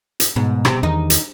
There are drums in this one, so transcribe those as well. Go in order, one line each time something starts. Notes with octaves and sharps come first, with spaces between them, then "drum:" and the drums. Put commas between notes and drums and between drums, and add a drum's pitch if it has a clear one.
drum: hi-hat
G#2 B2
C3, drum: rim click
E2 D#3 D#4
drum: hi-hat